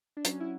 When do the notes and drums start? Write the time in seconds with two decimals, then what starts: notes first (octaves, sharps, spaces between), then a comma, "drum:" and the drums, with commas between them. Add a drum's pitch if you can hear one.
0.17 D4
0.25 F#3 C#4, drum: hi-hat
0.40 E4